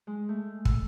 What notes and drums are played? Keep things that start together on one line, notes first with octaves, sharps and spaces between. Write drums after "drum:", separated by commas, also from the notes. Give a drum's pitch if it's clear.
G#3
A3
E6, drum: kick